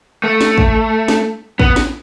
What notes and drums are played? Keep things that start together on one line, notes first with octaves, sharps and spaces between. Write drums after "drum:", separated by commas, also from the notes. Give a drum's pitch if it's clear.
A3
drum: snare
drum: kick
drum: snare
B3, drum: kick
drum: snare